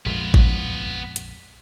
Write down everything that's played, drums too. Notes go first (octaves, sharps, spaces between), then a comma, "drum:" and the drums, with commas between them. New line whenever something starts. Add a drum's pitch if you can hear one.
A#1 F2 G#3 B3 F4
drum: kick G#1
drum: hi-hat